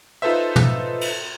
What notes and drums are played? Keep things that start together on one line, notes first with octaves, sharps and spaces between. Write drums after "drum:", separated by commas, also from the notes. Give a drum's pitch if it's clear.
D#4 F4 A4 B4 C5 E5
drum: tom
drum: cymbal